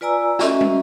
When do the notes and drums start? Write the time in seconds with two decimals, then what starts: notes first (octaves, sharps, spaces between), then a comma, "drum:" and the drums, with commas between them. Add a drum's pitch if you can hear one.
0.01 F4 B4 D5 G#5 A#5 E6
0.39 C#4 F#4 D#5 E5, drum: snare
0.61 drum: tom